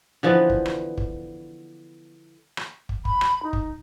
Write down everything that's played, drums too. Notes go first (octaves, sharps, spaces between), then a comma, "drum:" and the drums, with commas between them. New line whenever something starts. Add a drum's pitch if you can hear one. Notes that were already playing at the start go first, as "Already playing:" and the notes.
D3 E3 F3 B3
drum: kick
drum: rim click
drum: kick
drum: rim click
drum: kick
B5, drum: kick
drum: rim click
D#4
drum: kick